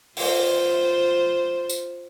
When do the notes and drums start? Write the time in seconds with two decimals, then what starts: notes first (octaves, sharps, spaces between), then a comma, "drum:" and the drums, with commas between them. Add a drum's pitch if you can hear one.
0.17 F4 C5, drum: open hi-hat
1.69 drum: tambourine